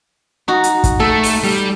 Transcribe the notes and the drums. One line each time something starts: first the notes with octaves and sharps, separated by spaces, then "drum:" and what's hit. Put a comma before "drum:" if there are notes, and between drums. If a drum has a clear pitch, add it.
D#4 F#4
drum: hi-hat
drum: kick, hi-hat
A3 A4
drum: open hi-hat
G3